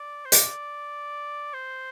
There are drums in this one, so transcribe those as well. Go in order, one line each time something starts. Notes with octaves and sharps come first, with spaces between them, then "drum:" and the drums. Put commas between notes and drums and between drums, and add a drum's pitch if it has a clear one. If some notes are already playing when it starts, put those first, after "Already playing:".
Already playing: D5
C5
D5, drum: hi-hat
C5